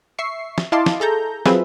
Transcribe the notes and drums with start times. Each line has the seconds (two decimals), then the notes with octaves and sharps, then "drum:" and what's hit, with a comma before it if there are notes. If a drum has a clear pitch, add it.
0.19 E5 C#6 C7
0.58 drum: snare
0.72 E4 D#5 F5 A5 C6 D6
0.86 drum: snare
1.00 G#4 A4 A#5 G6
1.46 F#3 C4 F4 G#4 B4 E5, drum: snare